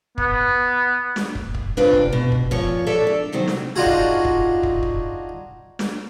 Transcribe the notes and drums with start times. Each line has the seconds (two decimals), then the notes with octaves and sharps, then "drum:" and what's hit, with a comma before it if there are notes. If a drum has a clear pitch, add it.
0.18 B3, drum: kick
1.16 drum: snare
1.35 drum: kick
1.55 drum: kick
1.77 C3 D4 F4 B4 F5
1.93 drum: kick
2.13 B2
2.32 drum: kick
2.51 A#2 F3 C#5, drum: kick
2.87 A4 C#5 D5 E5
3.07 D4
3.32 C3 D#3 F#3 C4
3.48 drum: snare
3.76 D4 D#4 F4 F#4 G#4
3.86 drum: kick
4.25 drum: kick
4.63 drum: kick
4.83 drum: kick
5.79 drum: snare